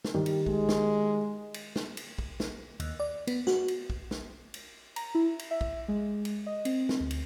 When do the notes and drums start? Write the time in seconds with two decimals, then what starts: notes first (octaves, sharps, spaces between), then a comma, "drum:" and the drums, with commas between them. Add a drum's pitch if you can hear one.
0.05 drum: snare
0.14 D#3 G3
0.26 drum: cymbal
0.46 G#3, drum: kick
0.69 drum: snare
1.54 drum: cymbal
1.76 drum: snare
1.97 drum: cymbal
2.18 drum: kick
2.40 drum: snare
2.80 D#2, drum: cymbal
3.00 D5
3.27 B3, drum: cymbal
3.47 F#4, drum: snare
3.68 drum: cymbal
3.90 drum: kick
4.11 drum: snare
4.54 drum: cymbal
4.96 A#5, drum: cymbal
5.15 E4
5.39 drum: cymbal
5.51 E5
5.61 drum: kick
5.88 G#3
6.25 drum: cymbal
6.46 D#5
6.65 C4, drum: cymbal
6.89 drum: snare
7.00 D2
7.11 drum: cymbal